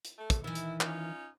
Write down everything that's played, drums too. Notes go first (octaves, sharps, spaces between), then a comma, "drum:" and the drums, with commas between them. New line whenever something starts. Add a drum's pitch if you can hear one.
drum: hi-hat
A3
drum: kick, hi-hat
D#3 E3 E4
drum: hi-hat
C#4 D#4 F4, drum: clap